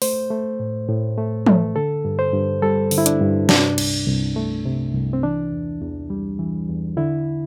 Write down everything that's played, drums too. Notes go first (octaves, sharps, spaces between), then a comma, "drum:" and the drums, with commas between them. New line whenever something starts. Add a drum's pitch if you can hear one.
A3 C5, drum: open hi-hat
A3
A2
A2
A3
A3, drum: tom
D3 A4
G2
C5
G2
G3 A4
D3, drum: open hi-hat
E4
D4, drum: hi-hat
G2
C3 D4, drum: snare
C2, drum: cymbal
C2
A3
C3
C2
C4
E3 D4
E2
E2
G3
E3
E2
D3 E4